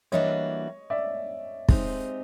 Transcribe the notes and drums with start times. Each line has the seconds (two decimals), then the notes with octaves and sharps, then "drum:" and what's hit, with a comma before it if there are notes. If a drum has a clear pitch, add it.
0.12 E3 G3 A#3 D4 F#4 C#5 D#5
0.90 D5 E5
1.69 G#3 C4 D#4 G4 C5, drum: kick